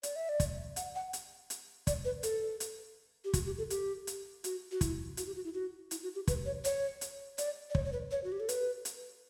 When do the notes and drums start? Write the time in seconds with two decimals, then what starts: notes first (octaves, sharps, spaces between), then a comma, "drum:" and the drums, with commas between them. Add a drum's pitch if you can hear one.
0.03 D5, drum: hi-hat
0.16 E5
0.29 D5
0.40 drum: kick, hi-hat
0.76 F#5, drum: hi-hat
0.95 F#5
1.13 drum: hi-hat
1.50 drum: hi-hat
1.87 D5, drum: kick, hi-hat
2.05 B4
2.23 A4, drum: hi-hat
2.60 drum: hi-hat
3.25 G4
3.34 F#4, drum: kick, hi-hat
3.46 G4
3.58 A4
3.70 G4, drum: hi-hat
4.07 drum: hi-hat
4.44 F#4, drum: hi-hat
4.71 F#4
4.81 E4, drum: kick, hi-hat
5.17 F#4, drum: hi-hat
5.27 G4
5.36 F#4
5.45 E4
5.54 F#4
5.91 E4, drum: hi-hat
6.03 F#4
6.15 G4
6.28 B4, drum: kick, hi-hat
6.46 C#5
6.65 C#5, drum: hi-hat
7.01 drum: hi-hat
7.38 D5, drum: hi-hat
7.70 D5
7.75 C#5, drum: kick
7.85 C#5
7.92 B4
8.11 C#5
8.24 F#4
8.32 G4
8.40 A4
8.49 B4, drum: hi-hat
8.85 drum: hi-hat